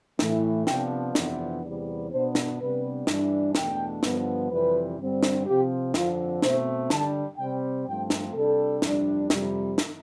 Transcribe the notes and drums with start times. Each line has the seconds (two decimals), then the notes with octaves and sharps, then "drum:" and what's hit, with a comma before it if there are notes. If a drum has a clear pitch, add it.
0.19 A2 E3 A3, drum: snare
0.67 C3 F3 B3 D4 G5, drum: snare
1.15 F2 C3 E3 B3 D4 D5, drum: snare
1.63 E2 C3 G3 B3
2.11 B2 B3 D4 C5
2.35 drum: snare
2.59 C3 G3 B3 D4 B4
3.07 G2 E3 G3 D4, drum: snare
3.55 E2 B2 A3 D4 G5, drum: snare
4.03 G2 D3 F3 B3, drum: snare
4.50 F2 C3 E3 G3 B4
4.98 G2 D3 G3 C4
5.23 drum: snare
5.47 C3 F3 C4 G4
5.94 F2 D3 F3 C4 F4, drum: snare
6.42 B2 A3 C4 C5, drum: snare
6.90 D3 G3 D4 A5, drum: snare
7.38 C3 G3 C4 G5
7.86 G2 F3 A3 C4 G5
8.10 drum: snare
8.34 C3 G3 D4 A4
8.82 F2 C3 G3 D4, drum: snare
9.30 F2 C3 G3, drum: snare
9.78 drum: snare